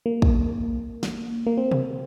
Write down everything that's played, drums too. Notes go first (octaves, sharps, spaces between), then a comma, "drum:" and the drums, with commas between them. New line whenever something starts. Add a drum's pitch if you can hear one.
A#3
drum: kick
drum: snare
A#3
C4
drum: tom B2